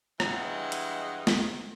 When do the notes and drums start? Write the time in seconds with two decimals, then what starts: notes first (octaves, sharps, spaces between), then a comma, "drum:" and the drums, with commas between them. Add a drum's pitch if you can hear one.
0.20 G2 E3 G#3 D#5 F#5, drum: rim click
0.72 drum: hi-hat
1.27 drum: snare